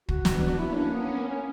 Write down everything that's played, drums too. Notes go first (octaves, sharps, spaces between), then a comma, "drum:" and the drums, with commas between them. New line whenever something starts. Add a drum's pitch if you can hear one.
F#4, drum: kick
B3 D4, drum: snare
A#3 C#4 E4
D4
A#3 B3 C#4
C#4